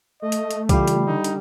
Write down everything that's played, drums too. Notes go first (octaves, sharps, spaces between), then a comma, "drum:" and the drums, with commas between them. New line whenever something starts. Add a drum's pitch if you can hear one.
A3 D#5
drum: hi-hat
drum: hi-hat
C#3 E3 G3 F4 G4, drum: kick C2, hi-hat
drum: hi-hat
D3 D#4
drum: hi-hat